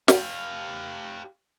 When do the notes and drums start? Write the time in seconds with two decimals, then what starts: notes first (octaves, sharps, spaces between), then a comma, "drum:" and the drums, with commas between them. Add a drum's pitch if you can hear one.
0.08 G4 F5, drum: snare